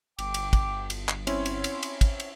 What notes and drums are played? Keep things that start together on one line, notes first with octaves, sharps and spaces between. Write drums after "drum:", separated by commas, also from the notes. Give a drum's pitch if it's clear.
G1 G5 D6, drum: cymbal
drum: cymbal
drum: kick, cymbal
drum: cymbal
drum: clap
C4 C#4 E4 C#5 C6, drum: cymbal
drum: cymbal
drum: cymbal
drum: cymbal
drum: kick, cymbal
drum: cymbal